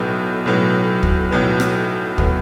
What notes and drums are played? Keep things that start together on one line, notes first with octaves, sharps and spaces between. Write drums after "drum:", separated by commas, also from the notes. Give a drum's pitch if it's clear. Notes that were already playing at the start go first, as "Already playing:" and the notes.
Already playing: B1 A2 F#3 B3
B1 A2 F#3 B3
drum: kick
B1 A2 F#3 B3
drum: rim click
A2 F#3 B3, drum: kick